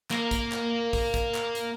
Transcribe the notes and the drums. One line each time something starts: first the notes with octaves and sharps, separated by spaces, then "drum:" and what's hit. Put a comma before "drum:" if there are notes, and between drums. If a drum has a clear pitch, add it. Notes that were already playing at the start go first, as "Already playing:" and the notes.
A#3 A#4, drum: clap
drum: kick, hi-hat
drum: clap
drum: kick, open hi-hat
drum: kick, hi-hat
drum: clap
drum: hi-hat